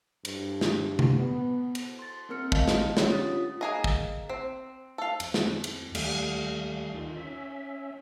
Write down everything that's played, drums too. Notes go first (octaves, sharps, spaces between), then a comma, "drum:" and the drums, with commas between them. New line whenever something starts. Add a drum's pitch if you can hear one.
G2, drum: cymbal
drum: snare
drum: tom C3
B3
drum: cymbal
C6 A6
A#3 C4 A#4 F6 C#7
D#5 F5 A5, drum: kick
drum: snare
C#4 D4 F4 G4 C#5 F#5, drum: snare
D#6 A6
F4 B6
A#3 G#4 D#5
drum: kick
C4
A4 F5
F2, drum: cymbal
drum: snare
drum: cymbal
D#2 G3 A3 F5, drum: cymbal
D#3 D#4 F4
C#4 E5